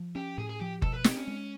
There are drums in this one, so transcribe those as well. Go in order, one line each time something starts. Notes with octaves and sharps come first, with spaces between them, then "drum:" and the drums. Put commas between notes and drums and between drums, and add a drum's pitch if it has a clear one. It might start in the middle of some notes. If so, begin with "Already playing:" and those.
Already playing: F3
C#4 G4
A2 G#4
G#4
F3 G4
B2 A4, drum: kick F#1
B4
C4 G4, drum: snare
C#4
G#3